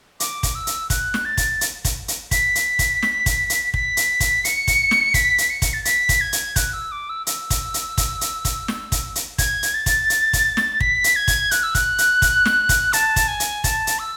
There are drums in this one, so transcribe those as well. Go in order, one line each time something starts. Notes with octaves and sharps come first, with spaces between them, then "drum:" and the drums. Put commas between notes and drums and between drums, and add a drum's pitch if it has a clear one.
D6, drum: hi-hat
drum: kick, hi-hat
E6
drum: hi-hat
F#6, drum: kick, hi-hat
drum: snare
A6
drum: kick, hi-hat
drum: hi-hat
drum: kick, hi-hat
drum: hi-hat
B6, drum: kick, hi-hat
drum: hi-hat
drum: kick, hi-hat
drum: snare
drum: kick, hi-hat
drum: hi-hat
B6, drum: kick
drum: hi-hat
drum: kick, hi-hat
C#7, drum: hi-hat
drum: kick, hi-hat
drum: snare
B6, drum: kick, hi-hat
drum: hi-hat
C#7
drum: kick, hi-hat
A6
B6, drum: hi-hat
drum: kick, hi-hat
G#6
drum: hi-hat
F#6, drum: kick, hi-hat
E6
D6
E6
E6, drum: hi-hat
drum: kick, hi-hat
drum: hi-hat
drum: kick, hi-hat
drum: hi-hat
drum: kick, hi-hat
drum: snare
drum: kick, hi-hat
drum: hi-hat
G#6, drum: kick, hi-hat
drum: hi-hat
A6
drum: kick, hi-hat
drum: hi-hat
drum: kick, hi-hat
drum: snare
B6, drum: kick
drum: hi-hat
G#6
drum: kick, hi-hat
F#6, drum: hi-hat
E6
F#6, drum: kick, hi-hat
drum: hi-hat
drum: kick, hi-hat
drum: snare
drum: kick, hi-hat
A5, drum: hi-hat
drum: kick, hi-hat
G#5
drum: hi-hat
A5, drum: kick, hi-hat
drum: hi-hat
E6